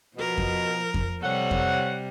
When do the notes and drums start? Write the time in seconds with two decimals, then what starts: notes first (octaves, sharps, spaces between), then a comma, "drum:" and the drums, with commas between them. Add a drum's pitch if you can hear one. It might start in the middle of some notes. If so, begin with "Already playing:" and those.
0.16 B2 F3 A#4
0.38 drum: kick F2
0.94 drum: kick F2
1.23 C3 G3 A4 C#5 F#5
1.51 drum: kick F2